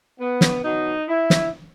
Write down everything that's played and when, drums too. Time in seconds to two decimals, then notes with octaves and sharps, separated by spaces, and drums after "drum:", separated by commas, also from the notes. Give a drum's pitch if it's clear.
0.19 B3
0.41 drum: snare
0.63 B2 F#3 D#4
1.08 E4
1.30 drum: snare